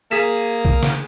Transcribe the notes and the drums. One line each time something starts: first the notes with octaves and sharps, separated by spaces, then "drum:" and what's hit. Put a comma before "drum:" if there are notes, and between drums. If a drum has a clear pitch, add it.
A#3 G#4 B6 E7
drum: kick
drum: snare